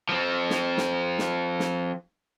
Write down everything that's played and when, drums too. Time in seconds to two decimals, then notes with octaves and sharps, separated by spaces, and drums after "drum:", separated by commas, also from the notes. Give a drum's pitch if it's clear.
0.09 F3 C4
0.50 drum: snare
0.77 drum: snare
1.19 drum: snare
1.60 drum: snare